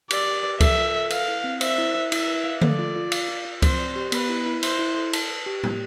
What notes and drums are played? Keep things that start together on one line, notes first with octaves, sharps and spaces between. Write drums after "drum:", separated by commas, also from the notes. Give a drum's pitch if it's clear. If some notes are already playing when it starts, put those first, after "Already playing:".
G4 D5, drum: cymbal
G4
B4
A4 E5, drum: kick C#2, cymbal
F4
A4
B4 F5, drum: cymbal
E4
C4
C5 E5, drum: cymbal
E4
E4
E4 E5, drum: cymbal
B4
F5
A4 D5, drum: tom D3
F4
F4
F5, drum: cymbal
F4
F4
C4 C5, drum: kick C#2, cymbal
D5
G4
B3 B4, drum: cymbal
E4
E4
C5 E5, drum: cymbal
E4
A4
A5, drum: cymbal
B4
G4
G4, drum: tom